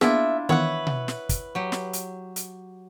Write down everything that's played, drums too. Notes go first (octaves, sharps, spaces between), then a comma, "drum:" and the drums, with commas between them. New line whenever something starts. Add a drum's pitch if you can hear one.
A#3 B3 D4 E4 F4 G#4 E5, drum: snare
D#3 E3 B3 B4 C#5 E5 F#5
drum: tom B2
drum: snare
drum: kick, hi-hat
F#3 G4
drum: snare
drum: hi-hat
drum: hi-hat